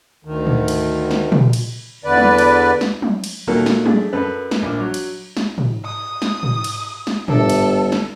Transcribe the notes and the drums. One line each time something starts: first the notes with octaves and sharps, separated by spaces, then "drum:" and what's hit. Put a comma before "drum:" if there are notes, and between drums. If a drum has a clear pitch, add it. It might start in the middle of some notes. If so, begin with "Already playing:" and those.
D2 D#3
drum: tom
drum: cymbal
drum: snare
drum: tom
drum: cymbal
E2 D3 B4 D5
drum: tom
drum: cymbal
drum: snare
drum: tom
drum: cymbal
A#2 D#3 F#3 A#3 A4 A#4
drum: snare
A3 D4 G#4, drum: tom
F#2 A4 B4
drum: snare
A#1 D6
F#3
drum: cymbal
drum: snare
drum: tom
D#6
drum: snare
drum: tom
drum: cymbal
drum: snare
G1 D4 A4 A#4 E5, drum: tom
drum: cymbal
drum: snare